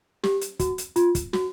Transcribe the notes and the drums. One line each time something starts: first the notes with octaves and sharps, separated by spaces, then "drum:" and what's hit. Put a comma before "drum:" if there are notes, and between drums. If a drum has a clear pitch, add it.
G4, drum: snare
drum: hi-hat
F#4, drum: kick, hi-hat
drum: hi-hat
F4, drum: hi-hat
drum: kick, hi-hat
F#4, drum: snare